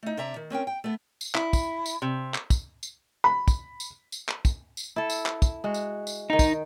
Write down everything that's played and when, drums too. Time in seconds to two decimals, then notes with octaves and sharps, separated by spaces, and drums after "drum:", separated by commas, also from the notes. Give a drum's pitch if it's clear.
0.03 A3 D#4
0.17 C3 D4 E5 A#5
0.36 D#3
0.50 C4 C#4 A#4 G5
0.67 G5
0.84 A3 B3
1.21 drum: tambourine
1.35 E4, drum: clap
1.53 drum: kick, tambourine
1.86 drum: tambourine
2.02 C3
2.34 drum: clap
2.50 drum: kick, tambourine
2.83 drum: tambourine
3.24 B5
3.48 drum: kick, tambourine
3.80 drum: tambourine
4.12 drum: tambourine
4.29 drum: clap
4.45 drum: kick, tambourine
4.77 drum: tambourine
4.96 E4 A4
5.10 drum: tambourine
5.26 drum: clap
5.42 drum: kick, tambourine
5.64 G#3 F#4
5.74 drum: tambourine
6.07 drum: tambourine
6.30 D#3 D#4 G5
6.39 drum: kick, tambourine